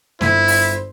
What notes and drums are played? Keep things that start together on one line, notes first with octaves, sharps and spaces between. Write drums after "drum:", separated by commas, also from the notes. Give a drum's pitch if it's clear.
G1 E4 C5, drum: snare
drum: open hi-hat